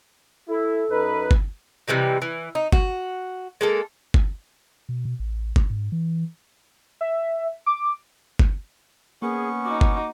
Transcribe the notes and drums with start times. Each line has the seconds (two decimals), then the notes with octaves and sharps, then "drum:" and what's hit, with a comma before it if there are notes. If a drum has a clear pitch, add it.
0.49 E4 A4
0.91 F#2 D#4 B4
1.31 drum: kick G1
1.88 C3 E3 G3 D#4
2.22 E3
2.55 D#4
2.72 F#4, drum: kick G1
3.61 G#3 A#3 A4
4.14 drum: kick G1
4.89 B2
5.05 B2
5.20 A1
5.56 drum: kick G1
5.70 G#2
5.92 E3
7.01 E5
7.66 D6
8.39 drum: kick G1
9.22 A#3 B3 C#4 G#4 C#6
9.65 D#4 F#4 D6
9.81 drum: kick G1